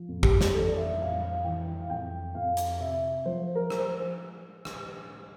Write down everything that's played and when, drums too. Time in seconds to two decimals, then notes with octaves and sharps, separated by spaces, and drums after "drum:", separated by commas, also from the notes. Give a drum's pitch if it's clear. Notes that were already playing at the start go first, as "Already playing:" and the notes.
Already playing: F3
0.09 F2
0.23 G4, drum: kick
0.41 drum: snare
0.53 E3 A4
0.68 D5
0.77 E5
0.99 F2 F5
1.22 F5
1.44 E3 G5
1.80 F5
1.90 F2 G5
2.35 F2 F5
2.57 drum: hi-hat
2.80 C3 E5
3.26 F3 C5
3.55 A#4
3.70 F3, drum: rim click
3.78 C5
4.65 drum: rim click